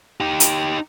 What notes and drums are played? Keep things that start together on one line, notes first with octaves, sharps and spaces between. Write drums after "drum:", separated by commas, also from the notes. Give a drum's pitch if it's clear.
D#4 G4
drum: hi-hat